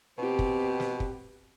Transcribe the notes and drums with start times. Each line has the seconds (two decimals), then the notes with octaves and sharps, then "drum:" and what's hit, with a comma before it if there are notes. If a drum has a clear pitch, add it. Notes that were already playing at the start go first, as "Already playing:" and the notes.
0.18 B2 C4 G4
0.39 drum: kick
0.80 drum: snare
1.00 drum: kick